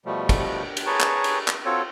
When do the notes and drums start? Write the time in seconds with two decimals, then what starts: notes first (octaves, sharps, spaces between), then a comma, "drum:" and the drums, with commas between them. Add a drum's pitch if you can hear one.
0.06 B2 F3 G3 A3
0.29 drum: kick, cymbal
0.77 drum: cymbal
0.86 G#4 B4 C#5 A5 A#5 C#6
1.00 drum: clap
1.24 drum: cymbal
1.48 drum: clap
1.65 C4 F4 F#4 A4 C#5